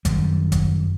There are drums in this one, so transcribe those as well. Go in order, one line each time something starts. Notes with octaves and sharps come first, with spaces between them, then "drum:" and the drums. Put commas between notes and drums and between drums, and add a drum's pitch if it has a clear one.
F#2 D#3 G3, drum: kick G1, hi-hat
drum: kick G1, hi-hat